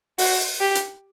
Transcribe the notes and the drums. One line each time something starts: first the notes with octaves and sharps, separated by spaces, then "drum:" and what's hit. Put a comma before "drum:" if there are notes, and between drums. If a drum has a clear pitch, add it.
F#4, drum: open hi-hat
G4
drum: hi-hat